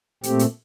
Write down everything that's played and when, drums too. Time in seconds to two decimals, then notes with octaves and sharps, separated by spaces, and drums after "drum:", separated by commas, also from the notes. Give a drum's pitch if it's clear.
0.23 A#2 A3 C4 G4, drum: hi-hat
0.39 drum: hi-hat